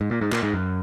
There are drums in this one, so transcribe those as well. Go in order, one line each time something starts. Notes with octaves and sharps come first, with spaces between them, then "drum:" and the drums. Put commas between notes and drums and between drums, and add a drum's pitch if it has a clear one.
G#2
A#2
G#2
A#2, drum: clap
G#2
F#2